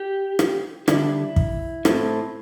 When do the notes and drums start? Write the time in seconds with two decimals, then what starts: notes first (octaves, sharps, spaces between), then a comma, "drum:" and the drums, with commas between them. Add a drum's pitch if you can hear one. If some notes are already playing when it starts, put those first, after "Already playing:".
Already playing: G4
0.39 drum: rim click
0.88 D3 G3 D4 E4, drum: rim click
1.36 drum: kick
1.85 A2 A3 C4, drum: rim click